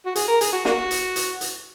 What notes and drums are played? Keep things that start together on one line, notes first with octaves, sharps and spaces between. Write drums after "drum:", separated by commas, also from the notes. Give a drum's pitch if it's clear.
F#4
G#4, drum: hi-hat
A#4
G#4, drum: hi-hat
F#4
A#3 F#4, drum: snare
drum: hi-hat
drum: hi-hat
drum: hi-hat